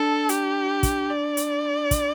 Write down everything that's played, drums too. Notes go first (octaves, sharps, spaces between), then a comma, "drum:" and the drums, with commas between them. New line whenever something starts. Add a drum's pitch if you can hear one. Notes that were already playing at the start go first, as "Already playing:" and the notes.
Already playing: D4 A4
G4, drum: hi-hat
drum: kick, hi-hat
D5
drum: hi-hat
drum: kick, hi-hat